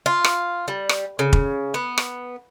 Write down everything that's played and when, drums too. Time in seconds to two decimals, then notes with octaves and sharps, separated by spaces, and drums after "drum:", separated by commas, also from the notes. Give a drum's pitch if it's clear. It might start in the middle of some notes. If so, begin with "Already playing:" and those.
0.06 F4
0.24 drum: rim click
0.68 G3
0.89 drum: rim click
1.19 C#3
1.33 drum: kick F1
1.74 B3
1.98 drum: rim click